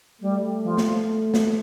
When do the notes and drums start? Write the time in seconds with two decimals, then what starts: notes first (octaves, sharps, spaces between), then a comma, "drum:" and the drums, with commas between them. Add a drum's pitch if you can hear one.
0.21 G3 A3
0.63 F3
0.77 drum: snare
1.34 drum: snare